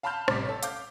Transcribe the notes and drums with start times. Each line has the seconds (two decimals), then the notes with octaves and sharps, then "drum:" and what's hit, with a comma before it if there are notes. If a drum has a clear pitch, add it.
0.03 F5 A5 B5 C6 F6 G6
0.28 A1 C3 G3 D6 B6, drum: rim click
0.45 A4 C#5
0.63 F5 D6 G6, drum: hi-hat